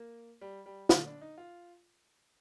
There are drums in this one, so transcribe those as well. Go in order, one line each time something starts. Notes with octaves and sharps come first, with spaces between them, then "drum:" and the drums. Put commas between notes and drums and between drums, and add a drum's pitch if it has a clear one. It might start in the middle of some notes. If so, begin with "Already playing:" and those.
Already playing: A#3
G3
G3
A3, drum: snare
D4
D#4
F4